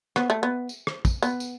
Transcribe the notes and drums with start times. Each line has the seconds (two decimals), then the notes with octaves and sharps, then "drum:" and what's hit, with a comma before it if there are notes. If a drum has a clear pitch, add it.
0.16 B3, drum: rim click
0.30 A3
0.43 B3
0.69 drum: tambourine
0.87 drum: rim click
1.05 drum: kick, tambourine
1.23 B3, drum: tambourine
1.40 drum: tambourine